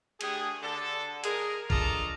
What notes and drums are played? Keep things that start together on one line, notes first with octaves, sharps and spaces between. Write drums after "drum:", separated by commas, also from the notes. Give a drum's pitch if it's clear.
D3 A3 G4 G#4, drum: cymbal
D3 A4
G#4 A#4, drum: hi-hat
D4 F4 A4 D#5 A5 A#5, drum: kick